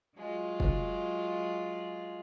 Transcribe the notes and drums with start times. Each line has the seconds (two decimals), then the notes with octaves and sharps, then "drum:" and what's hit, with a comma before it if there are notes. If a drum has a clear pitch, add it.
0.16 F#3 G#3 F4
0.60 drum: kick F1